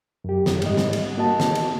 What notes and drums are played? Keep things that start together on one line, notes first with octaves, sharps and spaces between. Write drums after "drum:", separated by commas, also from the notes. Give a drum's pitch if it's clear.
F#2 G4
drum: snare
G#2 G3 D#5, drum: cymbal
drum: snare
drum: cymbal
A#3 F#4 D#5 A5
drum: snare
drum: cymbal